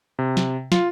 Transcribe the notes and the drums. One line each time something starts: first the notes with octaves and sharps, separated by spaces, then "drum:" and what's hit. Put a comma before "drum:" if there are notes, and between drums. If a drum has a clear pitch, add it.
C3
drum: snare
F4, drum: snare